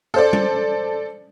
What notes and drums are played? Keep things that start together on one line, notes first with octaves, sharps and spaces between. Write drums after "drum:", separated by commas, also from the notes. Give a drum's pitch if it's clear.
A4 C5 D5
drum: tom G3